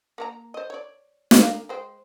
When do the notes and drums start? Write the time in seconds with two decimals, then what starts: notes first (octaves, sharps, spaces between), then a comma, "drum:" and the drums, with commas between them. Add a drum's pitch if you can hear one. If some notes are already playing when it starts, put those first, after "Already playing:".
0.18 A#3 A#4 A#5
0.54 C5 D#5
0.70 C#5 D5
1.31 drum: snare
1.40 D4 A#4 F5
1.69 G#3 C5 G5